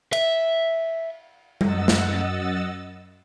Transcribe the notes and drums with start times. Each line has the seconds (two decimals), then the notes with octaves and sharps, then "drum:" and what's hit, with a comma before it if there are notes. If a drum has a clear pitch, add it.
0.13 E5, drum: cymbal
1.61 F#2 D#5 F#5 E6 A6, drum: tom G3
1.88 drum: snare